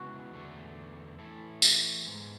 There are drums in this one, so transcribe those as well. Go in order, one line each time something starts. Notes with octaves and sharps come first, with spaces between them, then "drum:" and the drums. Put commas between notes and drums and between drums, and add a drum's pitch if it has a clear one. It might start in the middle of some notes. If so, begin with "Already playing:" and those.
Already playing: C#3 G#3 B3 E4 F#4 B4
E2 D3 A3
E3 A3 E4 A4
drum: tambourine
G#2 G#3 B3